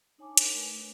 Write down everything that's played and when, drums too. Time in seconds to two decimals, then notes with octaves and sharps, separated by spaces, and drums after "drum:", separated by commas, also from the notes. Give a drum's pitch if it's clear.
0.18 D4 D#4 C#5 G#5 A5 D6
0.37 D4 A#4, drum: hi-hat
0.54 A3 B4